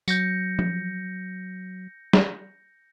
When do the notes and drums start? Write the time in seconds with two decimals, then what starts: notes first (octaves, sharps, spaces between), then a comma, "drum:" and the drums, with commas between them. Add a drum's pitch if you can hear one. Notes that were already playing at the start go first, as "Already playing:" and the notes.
0.08 F#3 G6 A#6 C#7, drum: tambourine
0.59 drum: tom F3
2.13 drum: snare